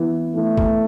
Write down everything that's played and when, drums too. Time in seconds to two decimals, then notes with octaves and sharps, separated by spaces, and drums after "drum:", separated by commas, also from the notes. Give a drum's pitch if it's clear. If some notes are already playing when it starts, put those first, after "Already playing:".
Already playing: E3 B3
0.35 E3 A3
0.58 drum: kick G#1